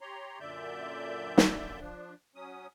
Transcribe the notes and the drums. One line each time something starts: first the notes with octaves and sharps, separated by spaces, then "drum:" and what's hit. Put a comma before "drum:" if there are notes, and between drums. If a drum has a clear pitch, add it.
G4 C#5 A#5 C6
F#2 A#2 D3 D5 E5 G6
drum: snare
F3 D4
F#3 C#4 D#6